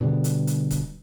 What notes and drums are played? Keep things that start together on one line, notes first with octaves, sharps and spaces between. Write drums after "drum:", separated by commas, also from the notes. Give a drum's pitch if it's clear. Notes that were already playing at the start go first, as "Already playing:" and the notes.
B2 D3 G3
drum: hi-hat
drum: hi-hat
drum: kick D#1, hi-hat